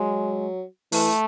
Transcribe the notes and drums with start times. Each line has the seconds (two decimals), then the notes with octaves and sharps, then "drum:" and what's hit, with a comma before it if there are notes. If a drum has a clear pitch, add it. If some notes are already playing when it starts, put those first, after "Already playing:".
Already playing: F#3 G#3
0.92 E3 A3, drum: open hi-hat